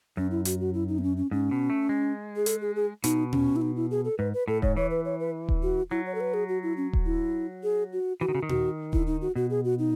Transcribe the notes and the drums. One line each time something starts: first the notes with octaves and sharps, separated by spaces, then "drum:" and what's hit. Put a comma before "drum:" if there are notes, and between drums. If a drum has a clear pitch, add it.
F#2 C#4
E4
F#4, drum: hi-hat
F#4
E4
D#4
B3
C#4
C#4
G#2 C#4
B2
A3
G#3
G#4
A4, drum: hi-hat
G#4
G#4
B2 D#4, drum: hi-hat
C#4, drum: tom A#2
E4
D#4
E4
G#4
A4
G#2 B4
B4
A2 A4
G#2 C#5, drum: kick D#1
E3 C#5
B4
C#5
B4
drum: kick D#1
F#4
F#3 E4
C#5
A4
B4
G#4
F#4
E4
C#4
drum: kick D#1
E4
G#4
F#4
E3 F#4
D#3
C#3
D#3
F#4, drum: tom A#2
E4, drum: kick D#1
D#4
F#4
B2 F#4
G#4
F#4
D#4